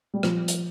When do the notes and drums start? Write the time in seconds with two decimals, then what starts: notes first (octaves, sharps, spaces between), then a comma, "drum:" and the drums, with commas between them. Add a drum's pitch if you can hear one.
0.14 G3
0.23 F3, drum: rim click
0.48 drum: hi-hat